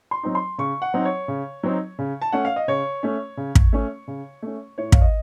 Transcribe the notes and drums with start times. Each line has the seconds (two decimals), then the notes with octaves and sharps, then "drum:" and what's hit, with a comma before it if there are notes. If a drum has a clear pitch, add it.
0.11 C6
0.23 F#3 C4 D#4
0.35 C6
0.58 C#3 C#6
0.82 F#5
0.94 F#3 C4 D#4
1.05 C#5
1.28 C#3
1.63 F#3 C4 D#4
1.99 C#3
2.22 A5
2.32 A3 C#4 F#5
2.45 F5
2.56 D#5
2.68 C#3 C#5
3.03 A3 C#4
3.37 C#3
3.55 drum: kick
3.73 A3 C#4
4.08 C#3
4.43 A3 C#4
4.78 A2 C#5
4.92 F5, drum: kick
5.01 D#5